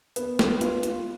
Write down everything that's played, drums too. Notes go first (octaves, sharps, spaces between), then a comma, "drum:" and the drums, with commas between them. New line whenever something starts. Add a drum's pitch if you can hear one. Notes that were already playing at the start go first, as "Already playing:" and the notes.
B3, drum: hi-hat
B3, drum: snare
F4, drum: hi-hat
F4, drum: hi-hat